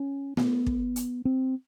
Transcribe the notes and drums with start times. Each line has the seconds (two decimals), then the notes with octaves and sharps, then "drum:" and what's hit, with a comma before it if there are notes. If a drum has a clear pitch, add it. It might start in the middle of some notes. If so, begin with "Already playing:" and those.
Already playing: C#4
0.37 B3, drum: snare A3
0.66 drum: kick
0.96 drum: hi-hat
1.25 C4